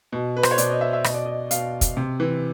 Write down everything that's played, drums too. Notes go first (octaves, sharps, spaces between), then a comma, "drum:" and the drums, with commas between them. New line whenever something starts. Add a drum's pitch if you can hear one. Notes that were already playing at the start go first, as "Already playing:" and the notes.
B2
B4
C5, drum: rim click
C#5
B2 D5, drum: hi-hat
D#5
E5
E5
B2 D#5, drum: rim click
D5
D#5
B2 F5, drum: hi-hat
drum: kick, hi-hat
C3
E3